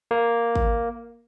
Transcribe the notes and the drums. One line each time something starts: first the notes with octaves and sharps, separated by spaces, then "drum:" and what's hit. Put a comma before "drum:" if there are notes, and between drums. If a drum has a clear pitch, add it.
A#3
drum: kick